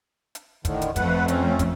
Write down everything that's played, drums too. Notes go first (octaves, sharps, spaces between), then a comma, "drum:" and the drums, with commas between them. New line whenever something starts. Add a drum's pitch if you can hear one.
drum: hi-hat
A2 D3 D#3, drum: kick, hi-hat
drum: hi-hat
F2 A3 B4 F#5, drum: kick, hi-hat
C4 C#4, drum: hi-hat
drum: kick, hi-hat